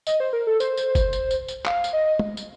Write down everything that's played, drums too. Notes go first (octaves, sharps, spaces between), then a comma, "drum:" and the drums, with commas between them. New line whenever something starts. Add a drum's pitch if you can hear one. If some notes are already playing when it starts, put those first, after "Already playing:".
D#5, drum: tambourine
C5
A#4
A4
C5, drum: tambourine
drum: tambourine
drum: kick, tambourine
drum: tambourine
drum: tambourine
drum: tambourine
F5, drum: clap
drum: tambourine
D#5
drum: tom
drum: tambourine